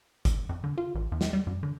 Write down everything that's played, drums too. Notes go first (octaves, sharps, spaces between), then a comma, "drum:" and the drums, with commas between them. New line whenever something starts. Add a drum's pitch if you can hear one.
drum: kick, hi-hat
F2
D3
F4
A1
E2
drum: snare
G3
F#2
D3